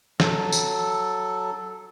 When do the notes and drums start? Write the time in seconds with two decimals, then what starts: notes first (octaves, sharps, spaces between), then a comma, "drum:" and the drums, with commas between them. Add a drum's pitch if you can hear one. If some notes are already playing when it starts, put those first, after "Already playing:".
0.20 F#3 A4, drum: snare
0.52 drum: tambourine